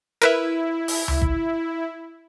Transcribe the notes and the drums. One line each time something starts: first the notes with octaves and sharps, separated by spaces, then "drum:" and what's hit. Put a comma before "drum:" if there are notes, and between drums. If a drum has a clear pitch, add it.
E4 A#4 B4 E5, drum: hi-hat
drum: open hi-hat
drum: tom C#2
drum: kick